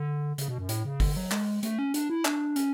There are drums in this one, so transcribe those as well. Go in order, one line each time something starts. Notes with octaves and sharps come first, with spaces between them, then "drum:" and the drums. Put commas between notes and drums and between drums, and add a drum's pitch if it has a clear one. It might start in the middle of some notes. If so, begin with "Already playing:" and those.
Already playing: D3
C#3, drum: hi-hat
B2
F#2
A2, drum: hi-hat
C#3
D3, drum: kick, open hi-hat
F#3
G#3, drum: clap
A3, drum: hi-hat
C#4
D4, drum: hi-hat
E4
D4, drum: clap
C#4, drum: hi-hat